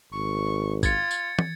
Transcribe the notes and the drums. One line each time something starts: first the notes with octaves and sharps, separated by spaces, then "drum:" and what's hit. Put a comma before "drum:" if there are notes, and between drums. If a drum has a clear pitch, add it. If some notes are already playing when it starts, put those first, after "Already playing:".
G#1 C#6
F4 G#6 A6 C#7, drum: kick G#1, tambourine
drum: tambourine
drum: tom